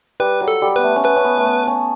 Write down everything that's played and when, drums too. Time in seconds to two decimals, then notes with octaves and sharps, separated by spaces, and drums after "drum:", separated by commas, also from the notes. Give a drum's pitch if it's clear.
0.20 G3 B4
0.41 F#3
0.48 A4, drum: hi-hat
0.62 G3
0.76 B3 B4, drum: open hi-hat
0.83 A3
0.96 C#4
1.04 B3 B4, drum: hi-hat
1.16 C#4
1.25 B3
1.38 A3
1.46 B3
1.67 C#4